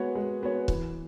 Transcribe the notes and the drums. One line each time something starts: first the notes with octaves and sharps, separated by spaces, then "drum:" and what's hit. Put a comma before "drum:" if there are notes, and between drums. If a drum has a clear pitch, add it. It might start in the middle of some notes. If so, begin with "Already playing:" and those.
Already playing: G#3 B3 F#4 C#5
G#3
B3 F#4 C#5
E3, drum: kick C#1